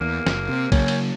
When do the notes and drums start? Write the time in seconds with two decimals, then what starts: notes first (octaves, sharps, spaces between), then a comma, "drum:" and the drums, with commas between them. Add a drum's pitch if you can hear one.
0.01 E2 A#3
0.27 F#1, drum: snare
0.49 C3
0.72 C#3 F#3 A#3 C#4, drum: kick, cymbal
0.88 drum: cymbal